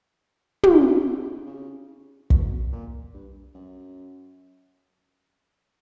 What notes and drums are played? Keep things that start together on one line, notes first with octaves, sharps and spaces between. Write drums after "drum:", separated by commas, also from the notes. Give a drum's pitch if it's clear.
D3, drum: tom
D3
C#3
B2, drum: kick
A#2
G2
F#2